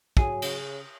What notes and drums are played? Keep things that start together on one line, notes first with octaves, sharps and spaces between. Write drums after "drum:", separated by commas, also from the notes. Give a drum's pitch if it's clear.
F#3 G#4, drum: kick
C#3, drum: cymbal